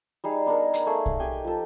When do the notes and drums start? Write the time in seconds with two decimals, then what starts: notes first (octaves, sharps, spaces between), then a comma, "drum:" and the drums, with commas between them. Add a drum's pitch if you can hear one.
0.24 G3 D#4 G#4
0.46 B3 D4 D#4 A#4
0.73 drum: hi-hat
0.87 A3 A#3 G#4
1.06 drum: kick B1
1.19 G4 G5 G#5
1.44 F3 A4